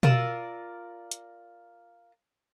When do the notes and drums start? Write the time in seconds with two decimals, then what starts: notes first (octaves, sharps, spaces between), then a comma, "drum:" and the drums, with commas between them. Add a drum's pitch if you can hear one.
0.03 F4 A#4 D5 E6, drum: tom B2
1.11 drum: hi-hat